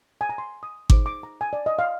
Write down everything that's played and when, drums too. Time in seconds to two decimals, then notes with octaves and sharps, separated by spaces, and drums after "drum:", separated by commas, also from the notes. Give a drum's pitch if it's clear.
0.21 G#5
0.29 A#5
0.38 C6
0.63 D#6
0.90 D#4 G#4 C5 D6, drum: kick G#1
1.06 D6
1.23 A#5
1.41 G#5
1.53 D5
1.66 D#5
1.79 F5